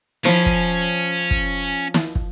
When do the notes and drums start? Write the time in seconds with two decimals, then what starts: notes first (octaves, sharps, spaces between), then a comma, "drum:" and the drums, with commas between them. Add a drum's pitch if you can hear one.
0.25 F3 C#4 B5, drum: snare
0.46 drum: kick
1.31 drum: kick
1.94 drum: snare
2.15 drum: kick